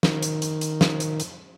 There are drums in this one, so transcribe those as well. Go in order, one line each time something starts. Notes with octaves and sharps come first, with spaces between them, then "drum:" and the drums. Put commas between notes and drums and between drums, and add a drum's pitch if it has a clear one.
D#3, drum: snare
drum: hi-hat
drum: hi-hat
drum: hi-hat
drum: snare
drum: hi-hat
drum: hi-hat